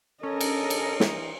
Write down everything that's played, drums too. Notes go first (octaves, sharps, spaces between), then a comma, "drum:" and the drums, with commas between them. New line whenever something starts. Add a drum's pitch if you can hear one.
C#4 A4 A#4 D#5
drum: cymbal
drum: cymbal
E3, drum: snare